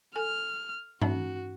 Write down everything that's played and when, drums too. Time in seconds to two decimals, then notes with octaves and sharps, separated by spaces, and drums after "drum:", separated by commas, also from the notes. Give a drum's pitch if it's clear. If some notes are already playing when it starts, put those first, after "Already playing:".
0.16 A4 G#5 F6
1.02 C#4 D#4 F#4, drum: tom G2